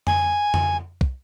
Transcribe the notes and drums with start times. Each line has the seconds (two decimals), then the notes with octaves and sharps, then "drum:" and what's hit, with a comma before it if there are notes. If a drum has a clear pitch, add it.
0.07 G#5, drum: tom F2
0.54 drum: tom F2
1.01 drum: kick